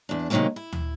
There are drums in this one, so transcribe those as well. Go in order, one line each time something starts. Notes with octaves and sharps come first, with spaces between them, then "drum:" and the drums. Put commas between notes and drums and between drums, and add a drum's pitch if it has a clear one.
E2 D4
C3 D#3 E3 F#3 G#3 A#3
E4
drum: tom D2